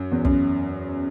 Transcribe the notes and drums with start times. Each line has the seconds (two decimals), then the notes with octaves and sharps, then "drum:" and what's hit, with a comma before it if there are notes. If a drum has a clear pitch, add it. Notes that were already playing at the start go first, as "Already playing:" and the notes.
Already playing: F#2
0.12 E2
0.25 F#2, drum: kick